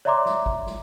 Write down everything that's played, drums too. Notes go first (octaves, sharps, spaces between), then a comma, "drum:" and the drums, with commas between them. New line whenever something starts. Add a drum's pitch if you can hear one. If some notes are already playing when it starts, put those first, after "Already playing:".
C#5 D5 E5 A#5 C6 D6
drum: snare
drum: kick G1
drum: snare